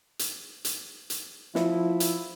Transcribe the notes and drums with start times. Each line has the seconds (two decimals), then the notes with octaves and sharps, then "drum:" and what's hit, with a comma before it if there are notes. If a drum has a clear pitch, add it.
0.19 drum: hi-hat
0.65 drum: hi-hat
1.10 drum: hi-hat
1.55 F3 E4, drum: snare
2.00 drum: hi-hat